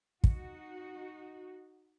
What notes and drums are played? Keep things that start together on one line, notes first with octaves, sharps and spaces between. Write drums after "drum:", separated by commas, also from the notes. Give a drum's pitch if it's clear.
D#4 F#4, drum: kick